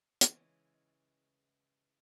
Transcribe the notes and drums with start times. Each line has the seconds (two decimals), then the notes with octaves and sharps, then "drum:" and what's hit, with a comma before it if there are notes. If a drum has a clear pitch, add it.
0.21 C#3 E3 G#3, drum: hi-hat